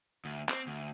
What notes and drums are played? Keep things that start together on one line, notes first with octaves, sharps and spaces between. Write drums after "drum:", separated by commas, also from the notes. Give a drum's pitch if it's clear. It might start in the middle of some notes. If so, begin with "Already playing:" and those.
D2
C4, drum: clap
D2